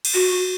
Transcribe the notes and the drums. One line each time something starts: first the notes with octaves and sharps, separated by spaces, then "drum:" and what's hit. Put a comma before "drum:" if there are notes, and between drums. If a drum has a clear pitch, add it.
drum: cymbal
F#4